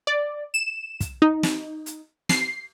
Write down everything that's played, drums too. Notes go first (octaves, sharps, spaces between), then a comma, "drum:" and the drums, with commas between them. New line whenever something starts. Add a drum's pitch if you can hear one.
D5
E7
drum: kick, hi-hat
D#4
drum: snare
drum: hi-hat
C7, drum: snare